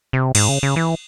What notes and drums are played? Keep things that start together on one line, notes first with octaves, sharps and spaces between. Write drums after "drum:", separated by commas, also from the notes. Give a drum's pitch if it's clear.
C3
G#2, drum: cymbal
C#3
C#3
E3